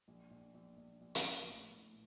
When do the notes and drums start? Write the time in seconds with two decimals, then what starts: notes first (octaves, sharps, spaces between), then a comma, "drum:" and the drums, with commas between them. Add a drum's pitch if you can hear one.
0.08 A#1
0.31 A#1
0.54 A#1
0.77 A#1
1.01 A#1
1.15 drum: hi-hat
1.24 A#1
1.48 A2
1.71 A2